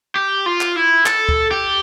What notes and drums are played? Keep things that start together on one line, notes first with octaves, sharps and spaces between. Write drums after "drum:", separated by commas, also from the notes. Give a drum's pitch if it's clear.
G4
F4
drum: clap
E4
A4, drum: clap
drum: kick
G4